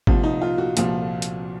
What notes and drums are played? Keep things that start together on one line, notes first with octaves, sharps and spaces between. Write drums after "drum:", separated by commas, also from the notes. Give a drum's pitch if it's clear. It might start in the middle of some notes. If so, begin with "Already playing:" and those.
C2 A#2 F3, drum: kick G#1
D#4
F4
F#4
C2 A#2 F3, drum: hi-hat
drum: hi-hat